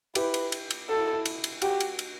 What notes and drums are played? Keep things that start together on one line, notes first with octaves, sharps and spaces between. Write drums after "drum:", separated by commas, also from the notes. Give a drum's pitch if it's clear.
E4 G4 B4, drum: cymbal
drum: cymbal
drum: cymbal
drum: cymbal
F#4 A4
E4
E4
drum: cymbal
drum: cymbal
F#4 G4, drum: cymbal
drum: cymbal
drum: cymbal